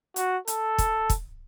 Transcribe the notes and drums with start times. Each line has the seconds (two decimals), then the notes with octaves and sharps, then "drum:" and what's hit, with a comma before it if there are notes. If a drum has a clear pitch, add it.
0.16 F#4, drum: hi-hat
0.47 A4, drum: hi-hat
0.78 drum: kick, hi-hat
1.10 drum: kick, hi-hat